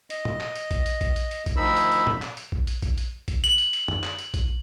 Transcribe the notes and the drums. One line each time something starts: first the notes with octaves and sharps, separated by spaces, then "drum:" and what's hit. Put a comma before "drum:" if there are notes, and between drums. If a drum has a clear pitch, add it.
D#5, drum: hi-hat
drum: tom
drum: clap
drum: hi-hat
drum: kick A#1, hi-hat
drum: hi-hat
drum: kick A#1, hi-hat
drum: hi-hat
drum: hi-hat
drum: kick A#1, hi-hat
D2 D#3 F3 D#4 B5 E6
drum: hi-hat
drum: hi-hat
drum: tom
drum: clap
drum: hi-hat
drum: kick A#1
drum: hi-hat
drum: kick A#1, hi-hat
drum: hi-hat
drum: kick A#1, hi-hat
F#7, drum: hi-hat
drum: hi-hat
drum: hi-hat
drum: tom
drum: clap
drum: hi-hat
drum: kick A#1, hi-hat